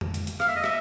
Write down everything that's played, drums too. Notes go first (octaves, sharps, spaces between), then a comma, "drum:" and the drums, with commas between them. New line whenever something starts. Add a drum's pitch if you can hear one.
drum: tom
drum: hi-hat
drum: hi-hat
F5, drum: rim click
E5
D#5
E5, drum: rim click